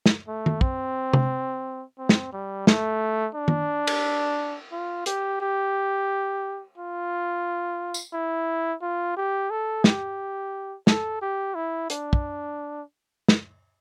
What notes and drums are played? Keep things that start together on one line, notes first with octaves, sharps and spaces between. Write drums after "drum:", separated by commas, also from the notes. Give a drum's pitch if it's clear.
drum: snare
A3
drum: tom D#3
C4, drum: kick
drum: tom C3
C4
drum: snare
G3
A3, drum: snare
D4
drum: tom D#3
drum: cymbal
F4
G4, drum: hi-hat
G4
F4
drum: tambourine
E4
F4
G4
A4
G4, drum: snare
A4, drum: snare
G4
E4
D4, drum: hi-hat
drum: kick
drum: snare